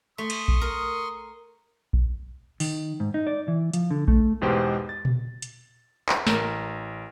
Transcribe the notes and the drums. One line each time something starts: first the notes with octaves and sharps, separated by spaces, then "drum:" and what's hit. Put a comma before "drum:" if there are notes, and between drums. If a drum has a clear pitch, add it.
A3 C6 C#6 D#6
drum: cymbal
drum: kick A#1
A#4
drum: kick A#1
D#3, drum: open hi-hat
G#2
D#4
D5
E3
F3, drum: hi-hat
D3
A3, drum: kick A#1
E2 G#2 B2 G#3 G4 C5
A6
drum: tom A#2
drum: hi-hat
drum: clap
A1 A#4, drum: snare